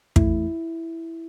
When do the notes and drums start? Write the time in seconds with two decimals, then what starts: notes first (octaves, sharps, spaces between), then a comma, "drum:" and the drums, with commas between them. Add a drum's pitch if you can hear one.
0.16 E2 E3 A3 E4, drum: kick